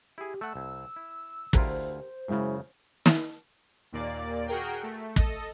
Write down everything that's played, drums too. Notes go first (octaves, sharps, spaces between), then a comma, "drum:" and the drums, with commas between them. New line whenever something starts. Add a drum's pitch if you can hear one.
E4 G4 G#4
A3 F#5 E6
C2
E4
D2 E4 F4 G4 A#4 C5, drum: kick
F#2 C#3 G#3 E4 F#4
drum: snare
D#2 A#2 A#3 D5
F#4 G#4 A#4 G5
A3
A4 D#5, drum: kick